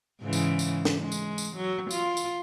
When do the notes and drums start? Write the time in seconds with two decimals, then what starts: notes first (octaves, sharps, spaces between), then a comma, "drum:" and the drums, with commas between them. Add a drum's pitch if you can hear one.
0.22 G#2 C#3 E3
0.33 drum: tambourine
0.59 drum: tambourine
0.85 drum: snare
0.99 G#3
1.12 drum: tambourine
1.38 drum: tambourine
1.57 F#3
1.91 F4, drum: tambourine
2.17 drum: tambourine